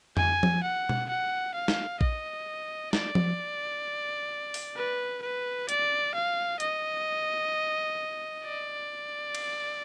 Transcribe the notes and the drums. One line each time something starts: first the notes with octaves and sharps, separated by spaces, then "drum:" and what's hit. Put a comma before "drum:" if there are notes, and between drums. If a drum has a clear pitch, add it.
G#5, drum: tom F2
drum: tom F3
F#5
drum: tom B2
F#5
F5
drum: snare
D#5, drum: kick A#1
D5, drum: snare
drum: tom F3
drum: open hi-hat
B4
B4
D5, drum: hi-hat
F5
D#5, drum: hi-hat
D5
drum: cymbal